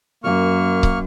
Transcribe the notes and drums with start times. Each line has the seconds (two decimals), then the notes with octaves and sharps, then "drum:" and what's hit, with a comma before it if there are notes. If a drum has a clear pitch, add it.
0.24 F#2 A#3 C#6 F6
0.83 drum: kick C#1